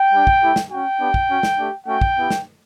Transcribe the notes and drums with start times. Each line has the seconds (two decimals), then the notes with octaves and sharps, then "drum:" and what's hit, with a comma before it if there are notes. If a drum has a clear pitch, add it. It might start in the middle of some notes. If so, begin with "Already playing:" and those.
Already playing: G5
0.13 G3 D4 G4
0.27 drum: kick
0.42 A3 E4 G4
0.56 drum: snare
0.70 C#4 F#4 G5
1.00 B3 D4 G4
1.14 drum: kick
1.29 C#4 F#4
1.43 drum: snare
1.58 A3 D4 G4
1.86 A3 C#4 F#4 G5
2.01 drum: kick
2.16 B3 E4 G4
2.31 drum: snare